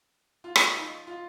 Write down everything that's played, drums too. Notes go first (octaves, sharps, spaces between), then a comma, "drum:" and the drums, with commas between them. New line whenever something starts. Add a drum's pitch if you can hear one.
F4
D#4, drum: rim click
D#4
F4